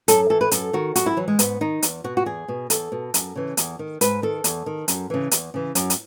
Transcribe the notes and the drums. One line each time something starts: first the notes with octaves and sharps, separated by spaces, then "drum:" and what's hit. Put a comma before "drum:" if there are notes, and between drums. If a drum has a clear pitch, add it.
F#2 A4, drum: hi-hat
E3 A4
B4
F#2 A4, drum: hi-hat
D#3 F#4
F#2 F#4, drum: hi-hat
E4
E3 F#3
G#3
G#2 B3, drum: hi-hat
D#3 D#4
E2, drum: hi-hat
B2 F#4
F#4
E2 G#4
B2
E2 A4, drum: hi-hat
B2
F#2, drum: hi-hat
C#3 E3
E2, drum: hi-hat
D#3
G#2 B4, drum: hi-hat
D#3 A4
E2, drum: hi-hat
D#3
F#2, drum: hi-hat
C#3 E3
E2, drum: hi-hat
C#3 E3
F#2, drum: hi-hat
drum: hi-hat